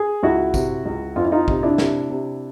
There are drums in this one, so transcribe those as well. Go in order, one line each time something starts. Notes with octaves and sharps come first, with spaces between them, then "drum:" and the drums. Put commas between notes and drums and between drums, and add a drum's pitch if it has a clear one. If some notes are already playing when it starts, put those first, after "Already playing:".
Already playing: G#4
C#2 E4 F#4
C3, drum: kick A1, tambourine
C#2
F2 F4
E4
D#4 F4
C3, drum: kick A1
D4 E4
C3, drum: snare
C3